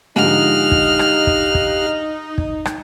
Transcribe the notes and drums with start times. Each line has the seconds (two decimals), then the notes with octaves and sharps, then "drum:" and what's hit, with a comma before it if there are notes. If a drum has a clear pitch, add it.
0.16 G#2 D3 F3 D#4 G4 F5 F6 F#6
0.72 drum: kick
0.99 drum: rim click
1.27 drum: kick
1.55 drum: kick
2.38 drum: kick
2.65 drum: rim click